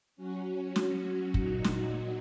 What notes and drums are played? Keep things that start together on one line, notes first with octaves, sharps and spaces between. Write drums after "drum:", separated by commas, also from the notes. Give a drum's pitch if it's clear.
F#3 C#4 F#4
drum: snare
A#2 F#3 D#4 F#4, drum: kick
drum: snare